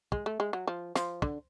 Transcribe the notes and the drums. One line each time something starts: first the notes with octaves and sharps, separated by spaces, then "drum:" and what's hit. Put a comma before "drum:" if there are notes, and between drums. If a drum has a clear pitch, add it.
G#3, drum: kick
A3
G#3
F#3
F3
F3, drum: snare
D3, drum: kick